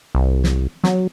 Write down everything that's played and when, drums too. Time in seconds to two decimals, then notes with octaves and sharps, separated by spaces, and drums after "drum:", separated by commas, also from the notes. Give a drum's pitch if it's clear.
0.15 C2
0.44 drum: snare
0.84 F#3, drum: snare